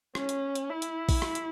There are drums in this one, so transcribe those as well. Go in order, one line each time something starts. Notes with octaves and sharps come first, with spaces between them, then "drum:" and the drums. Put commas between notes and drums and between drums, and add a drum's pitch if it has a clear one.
C#4, drum: rim click
drum: hi-hat
drum: hi-hat
E4
drum: hi-hat
drum: kick A#1, open hi-hat
drum: rim click
drum: hi-hat